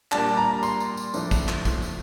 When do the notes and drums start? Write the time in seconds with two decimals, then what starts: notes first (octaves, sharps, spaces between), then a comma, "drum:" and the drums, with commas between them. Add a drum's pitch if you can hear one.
0.12 A#2 G3 D4 A5, drum: clap
0.37 A#5
0.63 C6, drum: tambourine
0.80 drum: tambourine
0.97 drum: tambourine
1.14 A2 F3 A3 D4, drum: tambourine
1.31 drum: kick, tambourine
1.48 drum: clap
1.65 drum: kick, tambourine
1.82 drum: tambourine